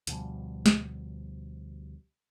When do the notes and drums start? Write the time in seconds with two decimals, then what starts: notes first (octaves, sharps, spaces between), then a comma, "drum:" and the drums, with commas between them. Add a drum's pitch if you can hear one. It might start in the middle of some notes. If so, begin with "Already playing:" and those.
0.07 D2 B2 F3 G3, drum: hi-hat
0.66 drum: snare